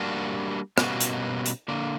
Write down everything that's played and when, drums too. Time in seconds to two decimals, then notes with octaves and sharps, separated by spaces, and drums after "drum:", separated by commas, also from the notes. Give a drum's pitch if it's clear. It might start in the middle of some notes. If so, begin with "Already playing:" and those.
Already playing: G3 A#3 D4 F#4
0.78 B2 G3 A#3 C#4 F#4, drum: rim click
1.00 drum: hi-hat
1.46 drum: hi-hat
1.68 D3 A#3 D4